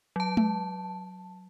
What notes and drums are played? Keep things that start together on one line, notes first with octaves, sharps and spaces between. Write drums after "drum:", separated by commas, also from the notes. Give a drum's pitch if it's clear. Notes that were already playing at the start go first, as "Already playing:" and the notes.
F#3 A5
drum: tom G#3